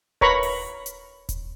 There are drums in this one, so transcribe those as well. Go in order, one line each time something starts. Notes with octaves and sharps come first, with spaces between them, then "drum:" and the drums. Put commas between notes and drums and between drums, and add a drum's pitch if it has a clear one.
A#4 B4 C#5 A#5 B5 C#6, drum: kick D#1
drum: open hi-hat
drum: hi-hat
drum: kick D#1, hi-hat